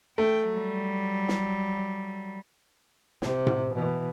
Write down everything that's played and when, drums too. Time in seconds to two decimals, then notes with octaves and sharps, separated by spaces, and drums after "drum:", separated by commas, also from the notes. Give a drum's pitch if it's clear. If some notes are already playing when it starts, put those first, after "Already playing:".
0.18 A3 G5
0.53 F#3 G3
1.28 drum: snare
3.22 C3, drum: snare
3.47 drum: tom A2
3.74 B2 E3